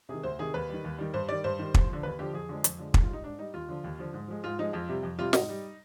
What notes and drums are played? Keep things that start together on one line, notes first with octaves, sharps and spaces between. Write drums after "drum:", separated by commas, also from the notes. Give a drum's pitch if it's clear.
C3 D#3 G#4
D2 C5
C3 D#3 G#4
D#2 B4
D#3 G3
D#2
D#3 G3
G2 C5
D#3 G3 D5
G2 C5
D#3 G3
D#2, drum: kick
D3 F3
D#2 B4
D3 F3 G4
F2 G#4
D3 F3 G#3
F2, drum: hi-hat
D3 F3 G#3
G#2, drum: kick
F4
G3 D#4
G#2 D4
G3 D#4
D#2 F4
D3 F3
D#2
D3 F3
G#2
F3 G#3
G#2 F4
F3 G#3 D#4
F2 F4
C3 G3
F2
C3 G3 F4
G#2 D#4, drum: snare
G3